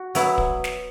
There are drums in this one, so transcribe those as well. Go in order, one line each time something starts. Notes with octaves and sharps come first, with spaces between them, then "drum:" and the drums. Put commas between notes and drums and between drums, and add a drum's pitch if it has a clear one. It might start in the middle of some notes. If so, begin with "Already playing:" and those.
Already playing: F#4
F#3 B3 E4, drum: hi-hat
drum: kick
drum: snare